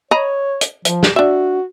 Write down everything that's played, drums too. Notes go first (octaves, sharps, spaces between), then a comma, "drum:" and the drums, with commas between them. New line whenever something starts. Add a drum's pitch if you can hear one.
C#5 D#5 A#5 B5
drum: hi-hat
F3, drum: hi-hat
drum: snare
D4 F#4 E5